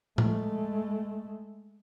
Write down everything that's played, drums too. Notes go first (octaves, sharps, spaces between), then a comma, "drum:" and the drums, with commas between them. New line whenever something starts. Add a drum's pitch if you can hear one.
G#3 A3, drum: tom A2